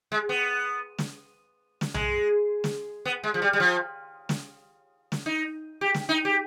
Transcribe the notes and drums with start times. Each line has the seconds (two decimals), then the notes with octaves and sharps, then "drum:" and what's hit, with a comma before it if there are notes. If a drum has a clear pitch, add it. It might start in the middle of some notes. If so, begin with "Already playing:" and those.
0.12 G#3
0.29 B3
0.98 drum: snare
1.81 drum: snare
1.94 G#3, drum: tom B1
2.64 drum: snare
3.05 B3
3.24 G#3
3.34 F3
3.42 G3
3.53 G3
3.60 F3
4.29 drum: snare
5.12 drum: snare
5.26 D#4
5.81 G4
5.94 drum: snare
6.09 D#4
6.25 G4